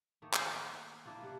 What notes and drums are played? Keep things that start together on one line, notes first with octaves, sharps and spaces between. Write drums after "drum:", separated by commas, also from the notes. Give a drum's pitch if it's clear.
D#3 A3 A#3
drum: clap
F#5 G5
A#3 D4 E4 F4
C3 F#5